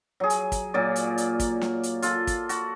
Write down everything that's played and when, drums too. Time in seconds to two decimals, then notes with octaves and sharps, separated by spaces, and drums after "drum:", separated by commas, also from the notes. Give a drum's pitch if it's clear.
0.20 F#3 G#4
0.30 drum: hi-hat
0.52 drum: kick, hi-hat
0.74 A#2 F#3 D5
0.96 drum: hi-hat
1.18 drum: hi-hat
1.40 drum: kick, hi-hat
1.61 drum: snare
1.83 drum: hi-hat
2.02 F4 A4, drum: hi-hat
2.27 drum: kick, hi-hat
2.49 F#4, drum: hi-hat